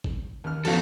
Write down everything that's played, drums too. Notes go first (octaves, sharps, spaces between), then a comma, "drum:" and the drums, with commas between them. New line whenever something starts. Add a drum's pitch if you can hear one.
drum: kick G#1
D#2 F6
F2 F#3 B3 D#4 F#4 A4 F5, drum: cymbal